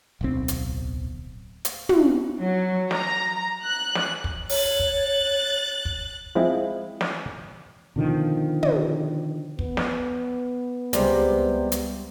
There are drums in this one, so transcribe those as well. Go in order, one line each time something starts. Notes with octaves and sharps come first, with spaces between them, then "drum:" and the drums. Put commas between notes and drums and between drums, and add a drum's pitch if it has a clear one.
D1 B1 C4
drum: hi-hat
drum: hi-hat
drum: tom
F#3
A#5, drum: snare
F#6
drum: snare
drum: kick
C#5 F#6 A6, drum: open hi-hat
drum: kick
drum: kick
F3 G#3 C4 E4
drum: snare
B2 D3 D#3 F3
drum: tom
B3, drum: kick
drum: snare
C#2 C3 G3 G#3 G4 C5 D5, drum: hi-hat
drum: hi-hat